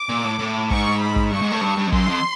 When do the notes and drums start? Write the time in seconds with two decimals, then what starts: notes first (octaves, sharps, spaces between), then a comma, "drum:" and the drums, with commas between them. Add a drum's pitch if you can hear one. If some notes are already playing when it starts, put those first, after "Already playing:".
Already playing: D6
0.09 A#2
0.25 A2
0.39 A2
0.70 G#2 C#6, drum: kick
1.01 B5
1.16 drum: kick
1.31 G2 C#6
1.42 G#2
1.52 A2
1.61 G2
1.78 G2
1.87 F2
1.92 F#2 C6, drum: kick
2.08 F2